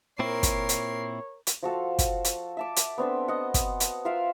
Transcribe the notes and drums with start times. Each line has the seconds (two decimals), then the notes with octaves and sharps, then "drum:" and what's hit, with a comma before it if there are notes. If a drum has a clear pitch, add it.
0.19 A#2 C4 E4 A#4 C#5 C7
0.43 drum: kick, hi-hat
0.69 drum: hi-hat
1.47 drum: hi-hat
1.63 F3 F#4 A4 F5
1.99 drum: kick, hi-hat
2.25 drum: hi-hat
2.57 E5 A5 D6
2.76 drum: hi-hat
2.98 B3 C4 D4 A4
3.28 D#5 F#5
3.54 drum: kick, hi-hat
3.80 drum: hi-hat
4.05 F4 A#4 E5 F5